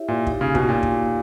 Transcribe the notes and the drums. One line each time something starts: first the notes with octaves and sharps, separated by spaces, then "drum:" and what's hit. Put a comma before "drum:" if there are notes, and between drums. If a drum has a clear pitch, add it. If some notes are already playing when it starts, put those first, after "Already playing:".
Already playing: E4 G4 C#5 E5
A#2
D#4 G4 C#5, drum: kick
C#3
B2, drum: kick
A#2
drum: kick